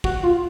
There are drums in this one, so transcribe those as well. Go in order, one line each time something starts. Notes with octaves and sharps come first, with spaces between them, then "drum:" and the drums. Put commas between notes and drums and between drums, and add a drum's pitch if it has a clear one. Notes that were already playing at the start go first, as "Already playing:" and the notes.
F#4, drum: kick
F4